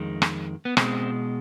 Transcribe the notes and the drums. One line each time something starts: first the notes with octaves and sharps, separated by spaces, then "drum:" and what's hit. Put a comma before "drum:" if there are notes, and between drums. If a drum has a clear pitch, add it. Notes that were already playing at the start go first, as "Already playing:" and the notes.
Already playing: F2 D#3 G#3
drum: rim click
B3
B2 G#3 C4, drum: rim click